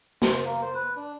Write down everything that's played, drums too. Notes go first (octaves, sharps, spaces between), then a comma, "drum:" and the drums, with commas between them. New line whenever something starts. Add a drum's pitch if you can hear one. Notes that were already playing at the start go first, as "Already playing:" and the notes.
C5, drum: snare
A#3
C5
B4
D4